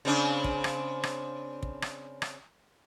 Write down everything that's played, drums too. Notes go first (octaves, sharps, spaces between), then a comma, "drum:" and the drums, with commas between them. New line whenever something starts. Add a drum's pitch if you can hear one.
C#3 C4 D4
drum: kick
drum: rim click
drum: rim click
drum: kick
drum: rim click
drum: rim click